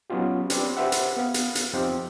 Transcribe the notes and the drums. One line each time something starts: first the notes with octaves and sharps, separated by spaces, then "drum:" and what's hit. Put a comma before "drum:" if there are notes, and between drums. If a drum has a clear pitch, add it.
F#3 B3 C#4 D#4 F4 G4
C4 D4 G4 B4 C5 D5, drum: hi-hat
G4 B4 C5 E5 F#5
drum: hi-hat
B3 F5
drum: hi-hat
drum: hi-hat
F2 C4 D#4 G4 F5 G5